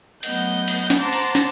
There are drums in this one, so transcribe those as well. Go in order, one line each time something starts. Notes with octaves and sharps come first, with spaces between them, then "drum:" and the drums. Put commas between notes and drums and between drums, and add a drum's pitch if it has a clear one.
F#3 A3 B3 D#5 F#5 G6, drum: cymbal
drum: cymbal
drum: snare
C5 F#5 A5 A#5 C6 D6
drum: cymbal
drum: snare